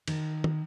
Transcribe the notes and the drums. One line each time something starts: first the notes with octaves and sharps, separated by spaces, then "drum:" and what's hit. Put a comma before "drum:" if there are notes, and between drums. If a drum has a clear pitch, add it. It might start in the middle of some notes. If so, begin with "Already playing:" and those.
D#3, drum: cymbal
drum: tom